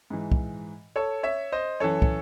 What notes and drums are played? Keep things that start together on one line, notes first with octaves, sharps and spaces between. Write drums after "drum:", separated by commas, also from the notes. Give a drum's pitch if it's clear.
G#2 E3
drum: kick
A4 C#5
C#5 E5
C5 D#5
F#2 E3 A4 C#5
drum: kick